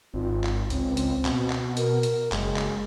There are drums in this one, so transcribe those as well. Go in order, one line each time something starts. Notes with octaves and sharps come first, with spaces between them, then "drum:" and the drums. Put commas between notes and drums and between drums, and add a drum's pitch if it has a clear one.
G#1 F4
drum: clap
C#2 C4, drum: hi-hat
drum: hi-hat
B2, drum: clap
drum: clap
A#4, drum: hi-hat
drum: hi-hat
F#1 G#3, drum: clap
drum: clap